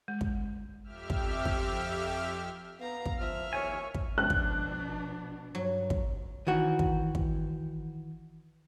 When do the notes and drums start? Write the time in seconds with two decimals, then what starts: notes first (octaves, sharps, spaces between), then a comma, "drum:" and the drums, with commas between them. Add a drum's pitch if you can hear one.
0.08 G#3
0.21 drum: kick
0.83 F2 G4 E5 F6
1.10 drum: kick
1.45 drum: kick
2.80 B3 F5 A#5
3.06 drum: kick
3.18 F3 E5 F6
3.53 D#2 C#5 G#5
3.94 drum: kick
4.18 B2 F3 D4 F#6
4.30 drum: kick
5.55 G2 F#3
5.90 drum: kick
6.47 D#3 E3 F#4
6.79 drum: kick
7.15 drum: kick